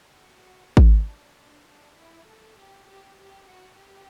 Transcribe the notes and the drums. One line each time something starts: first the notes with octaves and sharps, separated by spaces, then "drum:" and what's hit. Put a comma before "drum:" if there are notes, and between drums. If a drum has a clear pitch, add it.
F#4
B3, drum: kick G#1
D4
D4
D4
E4
A4
G4
G4
G4
F#4
G4